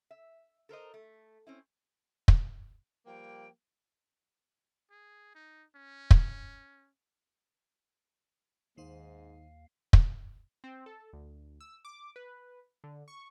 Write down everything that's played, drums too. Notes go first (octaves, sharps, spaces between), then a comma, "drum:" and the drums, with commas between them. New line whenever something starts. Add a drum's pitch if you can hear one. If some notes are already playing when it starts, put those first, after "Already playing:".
E5
A4 A#4 C5 D#5
A3
C4 C#4 E4
drum: kick
F3 G3 A#3 G5
G#4
D#4
C#4
drum: kick
D#2 G#2 D#3 D#4 C5 F5
drum: kick
C4
A4
D2
E6
D6
B4
D3
C#6